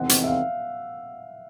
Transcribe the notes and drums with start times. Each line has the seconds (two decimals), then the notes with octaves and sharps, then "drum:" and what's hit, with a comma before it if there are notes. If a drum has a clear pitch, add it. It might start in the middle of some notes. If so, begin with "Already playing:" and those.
Already playing: E2 C3 D#3 G#3 C4 F#5
0.09 drum: hi-hat
0.23 E5
0.28 F5